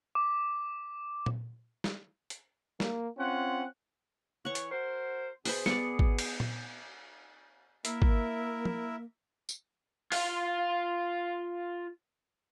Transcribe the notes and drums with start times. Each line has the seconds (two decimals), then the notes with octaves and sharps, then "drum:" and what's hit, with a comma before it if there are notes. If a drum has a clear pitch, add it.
0.15 D6
1.26 drum: tom A#2
1.84 drum: snare
2.30 drum: hi-hat
2.80 A#3, drum: snare
3.18 C4 C#4 F4 F#5
4.45 E3 B4 C#5 F#5 C#6
4.55 drum: hi-hat
4.70 F#4 A#4 C5
5.45 B2 G#4 B4 C5 B5, drum: open hi-hat
5.66 B3 D5 C#7, drum: snare
5.99 drum: kick G#1
6.19 drum: cymbal
6.40 drum: tom A#2
7.85 A#3 E4 A#4 E5, drum: hi-hat
8.02 drum: kick G#1
8.65 drum: tom
9.49 drum: tambourine
10.12 F4 F5, drum: open hi-hat